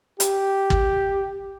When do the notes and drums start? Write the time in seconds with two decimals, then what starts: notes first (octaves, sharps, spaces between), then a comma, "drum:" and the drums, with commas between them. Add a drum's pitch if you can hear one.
0.20 G4, drum: hi-hat
0.70 drum: kick